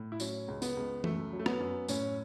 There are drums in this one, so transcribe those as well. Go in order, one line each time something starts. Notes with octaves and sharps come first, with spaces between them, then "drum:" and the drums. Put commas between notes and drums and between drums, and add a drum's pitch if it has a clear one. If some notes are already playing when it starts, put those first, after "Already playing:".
Already playing: A2
E4
F#3 C#4, drum: tambourine
C#2
B3, drum: tambourine
C#2
F#2 A3, drum: tom E3
F#3
A3
B3, drum: rim click
F#2
A2 C#4, drum: tambourine